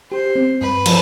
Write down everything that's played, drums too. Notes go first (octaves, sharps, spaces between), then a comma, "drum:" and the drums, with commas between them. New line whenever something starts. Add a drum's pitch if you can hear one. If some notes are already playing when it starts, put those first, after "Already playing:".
G4 C5
C4
G2 B4
F3, drum: cymbal